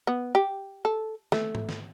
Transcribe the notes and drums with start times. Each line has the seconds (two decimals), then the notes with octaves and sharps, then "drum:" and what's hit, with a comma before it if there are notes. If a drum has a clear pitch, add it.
0.07 B3
0.35 G4
0.85 A4
1.32 A3, drum: snare
1.55 drum: tom G#2
1.69 drum: snare